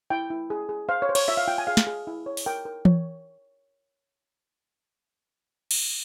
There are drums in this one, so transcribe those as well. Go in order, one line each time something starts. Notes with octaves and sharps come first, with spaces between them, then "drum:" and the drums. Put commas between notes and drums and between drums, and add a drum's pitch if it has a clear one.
E4 G5
E4
G#4
G#4
C5 F5
C#5
C5
C#5, drum: cymbal
F4 E5
F5
F4 G5
G#5
G#4 F5
drum: snare
G#4
E4
C#5
drum: open hi-hat
A#4 G5
A#4
C#5, drum: tom E3
drum: cymbal